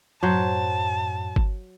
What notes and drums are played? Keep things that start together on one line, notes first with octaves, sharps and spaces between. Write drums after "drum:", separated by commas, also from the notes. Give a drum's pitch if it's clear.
F#2 A2 F#3 C5 F#5 A5
drum: kick G1